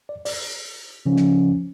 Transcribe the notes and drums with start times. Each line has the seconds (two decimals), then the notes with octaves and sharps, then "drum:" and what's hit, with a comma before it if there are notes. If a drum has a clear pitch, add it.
0.09 D5
0.25 D5, drum: open hi-hat
1.06 C#3 F3 C#4
1.17 drum: snare